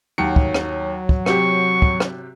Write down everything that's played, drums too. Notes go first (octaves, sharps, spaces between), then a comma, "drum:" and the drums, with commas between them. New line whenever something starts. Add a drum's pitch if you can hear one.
D#2 F#3 C#7
drum: kick
drum: rim click
drum: kick
C3 F#4 G4 C#6, drum: rim click
drum: kick
drum: rim click